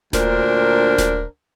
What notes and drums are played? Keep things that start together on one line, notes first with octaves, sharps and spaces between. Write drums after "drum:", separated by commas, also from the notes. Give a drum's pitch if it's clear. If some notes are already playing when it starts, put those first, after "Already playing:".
D2 A#2 D4 A#4 C5, drum: snare D#1
drum: snare D#1